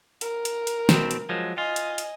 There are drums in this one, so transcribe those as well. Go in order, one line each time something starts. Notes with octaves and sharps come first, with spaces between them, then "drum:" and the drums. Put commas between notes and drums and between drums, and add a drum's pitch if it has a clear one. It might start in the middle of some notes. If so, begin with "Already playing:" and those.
A#4, drum: hi-hat
drum: hi-hat
drum: hi-hat
B2 C4, drum: snare
drum: hi-hat
F3 F#3 G#3
F4 D#5 G#5
drum: hi-hat
drum: hi-hat